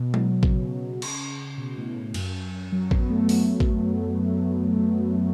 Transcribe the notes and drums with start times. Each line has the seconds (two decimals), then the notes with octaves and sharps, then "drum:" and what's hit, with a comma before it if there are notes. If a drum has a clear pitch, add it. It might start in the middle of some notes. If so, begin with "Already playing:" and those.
Already playing: B2
0.14 F#3, drum: tom G#3
0.43 C#3, drum: kick A1
1.02 drum: cymbal
1.58 B2
1.76 A2
2.14 F#2, drum: cymbal
2.72 F#3
2.91 B3, drum: kick A1
3.10 A3
3.29 drum: open hi-hat
3.60 drum: kick A1